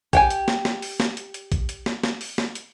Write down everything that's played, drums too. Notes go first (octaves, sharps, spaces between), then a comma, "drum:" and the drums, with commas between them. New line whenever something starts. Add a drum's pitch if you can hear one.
G4 G5 G#5, drum: kick A#1, hi-hat
drum: hi-hat
drum: snare
drum: snare
drum: open hi-hat
drum: snare
drum: hi-hat
drum: hi-hat
drum: kick A#1, hi-hat
drum: hi-hat
drum: snare
drum: snare
drum: open hi-hat
drum: snare
drum: hi-hat